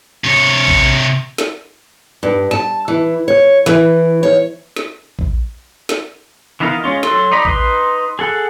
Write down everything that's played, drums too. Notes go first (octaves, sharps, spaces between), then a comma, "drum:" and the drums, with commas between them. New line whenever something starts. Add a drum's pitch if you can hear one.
C3 C#5
drum: kick A#1
drum: snare
G2
A5, drum: snare
E3
C#5
E3, drum: snare
C#5
drum: snare
drum: kick A#1
drum: snare
E3 B3 D#4 A#4 F5
G#3 C#4 F4
F#3 A4 C6, drum: snare
D#4 D5 A#5 B5
D#4 B4 C6, drum: kick A#1
G#4 A4 F#5